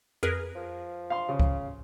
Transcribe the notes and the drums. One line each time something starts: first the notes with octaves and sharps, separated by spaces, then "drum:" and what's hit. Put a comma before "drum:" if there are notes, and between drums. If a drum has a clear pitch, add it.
F2 G#4 A#4 B4
F3
F5 C6
C#3
drum: kick C#2